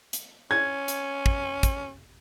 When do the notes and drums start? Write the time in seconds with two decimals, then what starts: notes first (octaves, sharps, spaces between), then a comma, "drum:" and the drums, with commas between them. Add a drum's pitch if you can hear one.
0.13 drum: hi-hat
0.51 C#4 G#6
0.88 drum: hi-hat
1.26 drum: kick
1.63 drum: kick, hi-hat